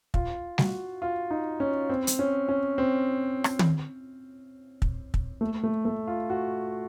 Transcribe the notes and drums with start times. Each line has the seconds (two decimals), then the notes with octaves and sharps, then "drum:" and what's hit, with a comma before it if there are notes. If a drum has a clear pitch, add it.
0.14 F4, drum: kick
0.58 F#4, drum: snare G3
1.02 F4
1.31 D#4
1.60 C#4
1.89 C4
2.07 drum: hi-hat
2.19 C#4
2.49 C#4
2.78 C4
3.44 drum: rim click
3.59 drum: tom
4.82 drum: kick
5.14 drum: kick
5.41 A3
5.64 A3
5.85 A3
6.07 F4
6.30 F#4